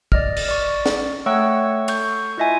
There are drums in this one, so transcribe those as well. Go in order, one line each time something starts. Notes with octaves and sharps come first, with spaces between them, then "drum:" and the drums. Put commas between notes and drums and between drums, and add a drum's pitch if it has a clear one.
D5 D#5 F6, drum: kick
drum: cymbal
D5 C#6
drum: snare
A3 C#5 F#5 G5 C#6 E6
A4 C#6 G6, drum: cymbal
E4 F4 D#5 E5 G#5